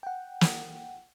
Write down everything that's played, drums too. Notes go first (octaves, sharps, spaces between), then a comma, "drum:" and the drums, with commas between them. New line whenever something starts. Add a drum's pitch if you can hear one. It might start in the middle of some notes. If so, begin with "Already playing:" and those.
F#5 G5
drum: snare